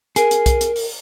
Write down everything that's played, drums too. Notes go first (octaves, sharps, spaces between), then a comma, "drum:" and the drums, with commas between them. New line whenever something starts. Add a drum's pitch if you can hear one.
G#4 A#4, drum: hi-hat
drum: hi-hat
drum: kick B1, hi-hat
drum: hi-hat
drum: open hi-hat